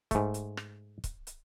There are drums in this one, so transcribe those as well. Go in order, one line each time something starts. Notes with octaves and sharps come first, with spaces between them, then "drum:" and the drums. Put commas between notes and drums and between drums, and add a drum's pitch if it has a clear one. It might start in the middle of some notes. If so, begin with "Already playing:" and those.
G#2 A3, drum: kick, hi-hat
drum: hi-hat
drum: rim click
drum: kick, hi-hat
drum: hi-hat